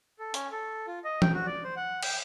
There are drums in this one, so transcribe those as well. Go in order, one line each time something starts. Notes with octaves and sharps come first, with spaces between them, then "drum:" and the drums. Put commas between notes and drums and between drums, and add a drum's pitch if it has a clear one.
A4
C#4, drum: hi-hat
A4
F4
D#5
G5, drum: tom E3
F#4
D5
C5
F#5
G5, drum: cymbal